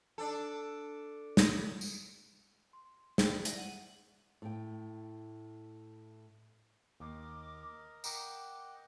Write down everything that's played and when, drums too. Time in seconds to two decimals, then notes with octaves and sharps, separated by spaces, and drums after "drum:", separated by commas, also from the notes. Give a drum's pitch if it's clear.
0.18 D4 A4
1.37 drum: snare
1.81 drum: tambourine
2.73 C6
3.18 G#4 A4 C5 D5 G5 F#6, drum: snare
3.45 E4 D5 E5 A#6, drum: hi-hat
3.58 F#5 D#7 F#7
4.42 A2 G5
7.00 D#2 A#4 D#5 D6
8.04 A#4 D#5 F#5 G5 A#5 D6, drum: tambourine